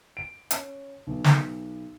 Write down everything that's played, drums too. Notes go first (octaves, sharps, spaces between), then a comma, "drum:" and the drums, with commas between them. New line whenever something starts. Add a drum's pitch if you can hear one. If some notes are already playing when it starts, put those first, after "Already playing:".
D7
C#4, drum: hi-hat
B1
drum: snare